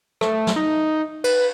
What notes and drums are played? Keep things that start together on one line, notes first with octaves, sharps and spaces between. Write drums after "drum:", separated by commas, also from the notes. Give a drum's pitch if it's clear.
A3, drum: rim click
drum: snare
D#4
B4, drum: cymbal